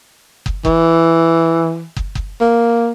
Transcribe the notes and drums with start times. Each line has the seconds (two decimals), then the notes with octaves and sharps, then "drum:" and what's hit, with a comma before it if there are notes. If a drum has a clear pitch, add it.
0.46 drum: kick
0.65 E3, drum: kick
1.96 drum: kick
2.15 drum: kick
2.41 A#3